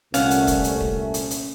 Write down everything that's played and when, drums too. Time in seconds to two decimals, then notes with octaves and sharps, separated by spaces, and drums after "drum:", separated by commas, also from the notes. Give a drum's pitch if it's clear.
0.14 C2 A#2 A3 C#4 F5 F#5, drum: hi-hat
0.31 drum: hi-hat
0.47 drum: kick D#1, hi-hat
0.64 drum: hi-hat
0.81 drum: kick D#1
1.14 drum: hi-hat
1.31 drum: hi-hat